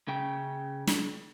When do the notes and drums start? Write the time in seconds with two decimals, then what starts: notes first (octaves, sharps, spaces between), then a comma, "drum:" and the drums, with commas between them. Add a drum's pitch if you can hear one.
0.08 C#3 G5
0.87 drum: snare